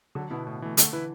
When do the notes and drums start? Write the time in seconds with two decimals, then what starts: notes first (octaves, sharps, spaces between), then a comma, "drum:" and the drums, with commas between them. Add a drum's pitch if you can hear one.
0.15 D3 F#3
0.31 B2 B3 E4
0.47 A2
0.62 E3 A3
0.77 D3 A3, drum: hi-hat
0.93 E3 E4 B4